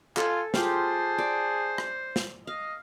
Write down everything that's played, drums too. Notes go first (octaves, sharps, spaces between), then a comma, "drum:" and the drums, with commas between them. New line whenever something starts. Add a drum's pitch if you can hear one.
F4 A4 G#5, drum: clap
F4 G4 G#4 C5 F5 A5, drum: snare
D5
drum: rim click
drum: snare
D#5 F5